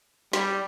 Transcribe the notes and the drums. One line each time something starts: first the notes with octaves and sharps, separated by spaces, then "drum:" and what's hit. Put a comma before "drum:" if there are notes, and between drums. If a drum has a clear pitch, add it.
G3, drum: snare